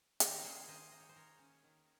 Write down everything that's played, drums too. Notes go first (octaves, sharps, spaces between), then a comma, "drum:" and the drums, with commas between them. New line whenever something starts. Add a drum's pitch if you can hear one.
D#3 G4 A#4, drum: hi-hat
A#4
C#4 G#4 C5
D#3 C5 D#5
A#3 D#5
C#5
C5
D#3 A#4 C#5
C#4
D#3